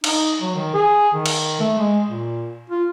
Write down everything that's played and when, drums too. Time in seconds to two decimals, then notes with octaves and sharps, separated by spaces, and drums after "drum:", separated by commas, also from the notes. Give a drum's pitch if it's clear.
0.04 D#4, drum: cymbal
0.41 F#3
0.55 D#3
0.74 G#4
1.14 D#3
1.26 drum: cymbal
1.60 A3
1.78 G#3
2.08 A#2
2.70 F4